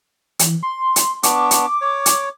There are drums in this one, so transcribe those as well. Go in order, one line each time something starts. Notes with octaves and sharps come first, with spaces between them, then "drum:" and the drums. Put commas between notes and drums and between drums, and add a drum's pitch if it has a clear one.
E3, drum: hi-hat
C6
drum: hi-hat
B3 D4 C#6 D6, drum: hi-hat
drum: hi-hat
C#5
drum: hi-hat